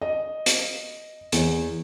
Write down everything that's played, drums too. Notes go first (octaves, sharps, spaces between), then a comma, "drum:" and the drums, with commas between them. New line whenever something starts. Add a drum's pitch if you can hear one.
D#5
drum: hi-hat
E2, drum: hi-hat